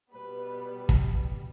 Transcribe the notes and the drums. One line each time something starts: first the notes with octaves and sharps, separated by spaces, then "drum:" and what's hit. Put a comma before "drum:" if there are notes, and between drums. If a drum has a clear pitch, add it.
B2 G3 B3 B4
drum: kick